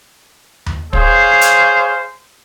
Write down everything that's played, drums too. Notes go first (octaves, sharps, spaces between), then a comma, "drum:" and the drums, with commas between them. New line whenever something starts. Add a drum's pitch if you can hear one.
drum: tom D#2
G#4 C5 C#5 F5, drum: kick
drum: hi-hat